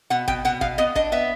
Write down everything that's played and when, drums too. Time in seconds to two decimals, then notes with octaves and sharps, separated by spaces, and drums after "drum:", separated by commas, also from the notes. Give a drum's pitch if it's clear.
0.10 B2 F#5
0.28 B2 G5, drum: kick G#1
0.45 B2 F#5
0.61 B2 F5, drum: kick G#1
0.78 B3 D#5
0.95 D4 D#5, drum: kick G#1
1.12 B3 E5